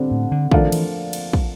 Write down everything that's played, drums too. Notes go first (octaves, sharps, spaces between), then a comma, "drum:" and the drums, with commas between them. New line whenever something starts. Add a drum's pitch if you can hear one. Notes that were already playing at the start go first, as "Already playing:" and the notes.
Already playing: D3 G3 C4
A2
D3
D#3 F3 A3 D4 F4 A#4, drum: kick
E3, drum: cymbal
drum: cymbal
drum: kick